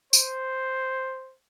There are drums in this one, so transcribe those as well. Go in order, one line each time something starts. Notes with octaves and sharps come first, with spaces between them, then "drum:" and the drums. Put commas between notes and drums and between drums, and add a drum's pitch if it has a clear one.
C5, drum: tambourine